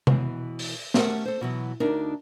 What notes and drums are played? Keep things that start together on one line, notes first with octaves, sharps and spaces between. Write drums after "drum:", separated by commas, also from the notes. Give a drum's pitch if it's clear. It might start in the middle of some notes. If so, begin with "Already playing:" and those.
B2 E3, drum: tom C3
drum: open hi-hat
A3 C#4 G4 A#4 F#5, drum: snare
A4 C5
B2 E3 F#3
D2 D4 D#4 A#4